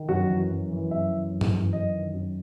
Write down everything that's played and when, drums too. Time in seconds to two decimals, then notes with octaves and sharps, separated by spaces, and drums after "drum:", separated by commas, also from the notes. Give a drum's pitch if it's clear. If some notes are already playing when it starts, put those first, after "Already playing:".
Already playing: D#3
0.09 F#2 F#4
0.29 E3
0.50 F#2
0.71 E3
0.91 F#2 E5
1.11 E3
1.32 F#2
1.41 drum: tom
1.52 E3
1.73 F#2 D#5
1.94 D#3
2.14 F#2